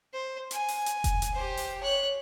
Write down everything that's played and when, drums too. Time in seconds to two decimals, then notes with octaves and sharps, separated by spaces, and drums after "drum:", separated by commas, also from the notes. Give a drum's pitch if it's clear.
0.13 C5
0.51 G#5, drum: hi-hat
0.68 drum: open hi-hat
0.86 drum: hi-hat
1.04 drum: kick F1, hi-hat
1.22 drum: hi-hat
1.34 G4 C5
1.57 drum: open hi-hat
1.81 C#5 F#6